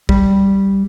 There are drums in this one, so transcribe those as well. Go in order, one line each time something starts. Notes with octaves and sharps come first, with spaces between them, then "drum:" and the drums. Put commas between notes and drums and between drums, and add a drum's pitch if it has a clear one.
G3, drum: kick